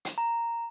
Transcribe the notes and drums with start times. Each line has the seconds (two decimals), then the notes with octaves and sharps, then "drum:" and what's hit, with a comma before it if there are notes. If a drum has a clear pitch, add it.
0.05 drum: hi-hat
0.18 A#5